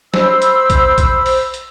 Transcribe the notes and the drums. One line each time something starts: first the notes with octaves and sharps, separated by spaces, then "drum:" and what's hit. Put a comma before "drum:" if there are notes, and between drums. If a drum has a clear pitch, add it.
C5 B5 E6, drum: snare
drum: hi-hat
drum: kick A#1, hi-hat
drum: kick A#1, hi-hat
drum: open hi-hat
drum: hi-hat